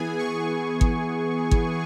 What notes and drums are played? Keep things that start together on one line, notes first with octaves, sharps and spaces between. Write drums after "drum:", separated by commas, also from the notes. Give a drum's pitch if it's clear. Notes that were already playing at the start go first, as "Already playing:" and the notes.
Already playing: E3 B3 G#4 G#5
C#6
drum: kick
drum: kick